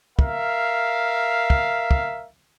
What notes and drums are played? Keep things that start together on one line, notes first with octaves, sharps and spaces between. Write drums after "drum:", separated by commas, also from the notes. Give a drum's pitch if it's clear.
A#4 E5 F5, drum: kick
drum: kick
drum: kick